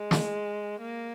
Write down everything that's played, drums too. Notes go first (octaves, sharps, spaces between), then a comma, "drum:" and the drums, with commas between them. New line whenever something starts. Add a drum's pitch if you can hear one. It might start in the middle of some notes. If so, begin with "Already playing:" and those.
Already playing: G#3
drum: snare
A#3